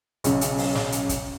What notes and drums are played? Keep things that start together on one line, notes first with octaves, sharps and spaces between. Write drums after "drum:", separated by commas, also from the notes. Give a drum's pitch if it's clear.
B1 C#3, drum: hi-hat
drum: hi-hat
drum: open hi-hat
drum: snare
drum: hi-hat
drum: kick, hi-hat